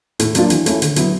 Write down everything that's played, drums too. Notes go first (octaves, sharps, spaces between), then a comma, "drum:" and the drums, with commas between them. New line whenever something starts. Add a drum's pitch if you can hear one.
A2, drum: hi-hat
F#3 A#3 D4 F4, drum: hi-hat
E3, drum: hi-hat
A3 C#4 E4, drum: hi-hat
D3, drum: hi-hat
F#3 B3 E4, drum: hi-hat